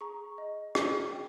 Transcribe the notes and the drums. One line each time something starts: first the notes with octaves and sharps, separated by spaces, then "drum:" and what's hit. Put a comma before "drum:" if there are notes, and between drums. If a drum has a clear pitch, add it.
G#4 A#5 C#6
D#5
G#4, drum: rim click
G5